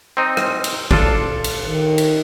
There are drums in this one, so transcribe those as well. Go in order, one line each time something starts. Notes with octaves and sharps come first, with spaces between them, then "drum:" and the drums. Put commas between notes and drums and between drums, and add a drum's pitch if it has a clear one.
C4 D#4
drum: rim click
drum: cymbal
D4 F4 A4, drum: kick G#1
drum: cymbal
D#3
drum: cymbal